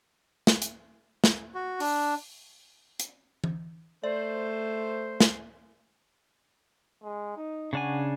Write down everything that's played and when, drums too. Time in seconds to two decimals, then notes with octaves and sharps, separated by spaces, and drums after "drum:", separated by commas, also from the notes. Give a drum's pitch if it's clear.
0.47 drum: snare
0.62 drum: hi-hat
1.24 drum: snare
1.55 F#4
1.80 D4, drum: open hi-hat
3.00 drum: hi-hat
3.44 drum: tom E3
4.04 A3 C5 D5
5.20 drum: snare
7.02 G#3
7.36 D#4
7.73 C#3 D4 F#4 G#5